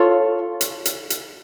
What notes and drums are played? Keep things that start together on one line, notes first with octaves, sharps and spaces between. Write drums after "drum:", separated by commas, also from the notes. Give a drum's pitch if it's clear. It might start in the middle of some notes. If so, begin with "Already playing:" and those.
Already playing: F4 A4 C#5
drum: hi-hat
drum: hi-hat
drum: hi-hat